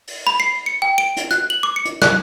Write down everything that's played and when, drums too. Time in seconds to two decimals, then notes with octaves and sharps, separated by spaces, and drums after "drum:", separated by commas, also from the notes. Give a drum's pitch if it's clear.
0.08 drum: open hi-hat
0.27 B5
0.40 C7
0.66 C#7
0.82 G5
0.98 D7
1.17 drum: hi-hat
1.31 F#6, drum: hi-hat
1.50 F#7
1.63 D6
1.76 C#7
1.85 drum: hi-hat
2.02 F#6, drum: snare